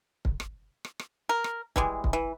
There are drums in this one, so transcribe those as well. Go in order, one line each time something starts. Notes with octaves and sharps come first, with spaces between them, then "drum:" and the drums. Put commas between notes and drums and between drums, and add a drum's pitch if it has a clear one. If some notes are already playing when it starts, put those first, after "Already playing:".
drum: kick
drum: rim click
drum: rim click
drum: rim click
A#4
drum: rim click
E3 G3 G#3, drum: kick
drum: kick
E3